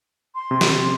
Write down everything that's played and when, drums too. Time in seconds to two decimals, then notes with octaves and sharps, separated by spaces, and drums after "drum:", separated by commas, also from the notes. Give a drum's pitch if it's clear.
0.35 C6
0.51 C3
0.61 drum: snare